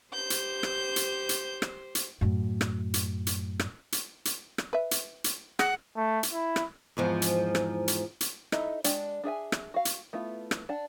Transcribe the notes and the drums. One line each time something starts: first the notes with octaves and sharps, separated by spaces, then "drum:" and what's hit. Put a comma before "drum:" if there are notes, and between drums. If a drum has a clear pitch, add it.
G4 C5 G6
drum: hi-hat
drum: rim click
drum: hi-hat
drum: hi-hat
drum: rim click
drum: hi-hat
F#2 A2
drum: rim click
drum: hi-hat
drum: hi-hat
drum: rim click
drum: hi-hat
drum: hi-hat
drum: rim click
B4 E5
drum: hi-hat
drum: hi-hat
G#4 F#5, drum: rim click
A3
drum: hi-hat
E4
drum: rim click
E2 G#2 F3
drum: hi-hat
drum: rim click
drum: hi-hat
drum: hi-hat
D#4 E4 A4 D#5 E5, drum: rim click
G#3 D4 G5, drum: hi-hat
D4 G#4 E5 G#5
drum: rim click
F#4 F5
drum: hi-hat
A3 B3 E4 F4
drum: rim click
D4 F#5 A5